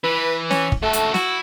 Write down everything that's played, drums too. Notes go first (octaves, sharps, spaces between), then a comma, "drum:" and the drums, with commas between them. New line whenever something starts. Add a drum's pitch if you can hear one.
E3 B4
C#4, drum: snare
drum: kick
A3 F#4 A4
drum: hi-hat
E4 F#4, drum: snare